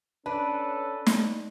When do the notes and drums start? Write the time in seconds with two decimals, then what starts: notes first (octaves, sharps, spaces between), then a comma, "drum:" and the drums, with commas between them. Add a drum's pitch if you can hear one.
0.26 C#4 D4 A4 B4
1.06 drum: snare